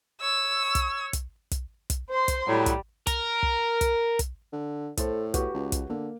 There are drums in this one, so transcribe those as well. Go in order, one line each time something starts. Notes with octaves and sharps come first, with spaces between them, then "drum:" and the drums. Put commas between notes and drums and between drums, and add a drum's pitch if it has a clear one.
C#5 C#6 E6
drum: kick, hi-hat
drum: kick, hi-hat
drum: kick, hi-hat
drum: kick, hi-hat
C5 C6
drum: kick, hi-hat
A2 F#3 G3
drum: kick, hi-hat
A#4, drum: kick, hi-hat
drum: kick
drum: kick, hi-hat
drum: kick, hi-hat
D3
A2 A4 C5, drum: kick, hi-hat
F#4 G4 B4, drum: kick, hi-hat
C#2
drum: kick, hi-hat
D3 A#3